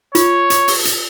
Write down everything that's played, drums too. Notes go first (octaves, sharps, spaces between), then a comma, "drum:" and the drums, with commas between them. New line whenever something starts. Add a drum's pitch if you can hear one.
F4 C#5, drum: hi-hat
drum: hi-hat
drum: open hi-hat
drum: hi-hat